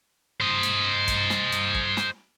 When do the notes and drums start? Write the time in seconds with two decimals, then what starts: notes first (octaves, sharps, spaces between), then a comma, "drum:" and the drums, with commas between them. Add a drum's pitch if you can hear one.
0.41 C5 D#5
0.63 drum: hi-hat
1.08 drum: kick, hi-hat
1.30 drum: snare
1.52 drum: hi-hat
1.75 drum: kick
1.97 drum: snare